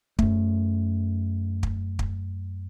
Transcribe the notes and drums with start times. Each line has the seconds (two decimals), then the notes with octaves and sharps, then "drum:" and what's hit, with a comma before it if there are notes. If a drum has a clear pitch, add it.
0.19 F#2 A3, drum: kick
1.63 drum: kick
1.99 drum: kick